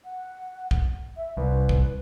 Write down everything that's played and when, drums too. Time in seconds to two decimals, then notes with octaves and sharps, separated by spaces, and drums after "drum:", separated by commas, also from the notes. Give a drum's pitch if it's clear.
0.04 F#5
0.71 drum: kick
1.17 E5
1.37 C2 B4
1.69 drum: kick